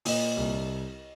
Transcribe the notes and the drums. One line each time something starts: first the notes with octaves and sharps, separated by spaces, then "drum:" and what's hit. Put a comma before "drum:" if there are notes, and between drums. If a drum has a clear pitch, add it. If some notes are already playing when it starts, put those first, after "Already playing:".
A#2 D#5, drum: open hi-hat
C2